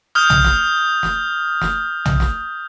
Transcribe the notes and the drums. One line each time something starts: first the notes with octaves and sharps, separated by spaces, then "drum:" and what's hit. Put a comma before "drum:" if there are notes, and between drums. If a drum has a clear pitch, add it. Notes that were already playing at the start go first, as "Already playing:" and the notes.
D#6 F6 G6
drum: tom B1
drum: snare
drum: snare
drum: snare
drum: tom B1
drum: snare